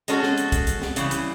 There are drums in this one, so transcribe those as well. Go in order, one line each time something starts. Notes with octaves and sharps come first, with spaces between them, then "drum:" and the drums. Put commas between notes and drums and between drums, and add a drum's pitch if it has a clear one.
G#3 C#4 F#4 A4, drum: hi-hat
drum: snare
drum: hi-hat
drum: kick, hi-hat
drum: hi-hat
drum: snare
C#3 E3 G3, drum: hi-hat
drum: hi-hat